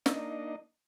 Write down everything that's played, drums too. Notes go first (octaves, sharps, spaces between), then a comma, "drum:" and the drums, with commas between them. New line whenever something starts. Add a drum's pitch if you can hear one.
A#3 D4 D#4 D#5, drum: snare